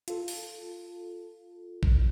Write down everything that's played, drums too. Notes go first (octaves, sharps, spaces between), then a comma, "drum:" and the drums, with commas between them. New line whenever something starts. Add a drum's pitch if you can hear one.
F4 A4, drum: hi-hat
drum: open hi-hat
drum: kick